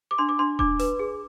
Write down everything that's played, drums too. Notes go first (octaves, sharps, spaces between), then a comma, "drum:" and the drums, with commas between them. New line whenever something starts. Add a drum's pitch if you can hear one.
D6
D4 C6
D6
D4 C6
D4 D6, drum: kick D#1
B4, drum: hi-hat
G#4